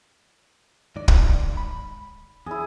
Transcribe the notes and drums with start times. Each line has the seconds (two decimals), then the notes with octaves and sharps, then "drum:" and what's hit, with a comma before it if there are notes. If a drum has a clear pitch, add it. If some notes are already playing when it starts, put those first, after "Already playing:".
0.96 G#2 D#3 D5
1.08 drum: kick
1.57 B5
2.46 E2 E4 G#4